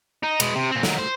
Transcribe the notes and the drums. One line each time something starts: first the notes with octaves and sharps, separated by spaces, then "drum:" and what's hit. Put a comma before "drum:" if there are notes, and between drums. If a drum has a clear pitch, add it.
D#4
B2 G#3, drum: cymbal
C3
A#2 C4
D#3 F#3, drum: snare
C5